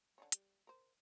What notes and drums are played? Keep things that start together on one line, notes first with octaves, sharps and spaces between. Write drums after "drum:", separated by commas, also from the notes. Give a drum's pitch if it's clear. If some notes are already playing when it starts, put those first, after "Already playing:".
D3 D#3 C#4
G3, drum: hi-hat
A#4 C5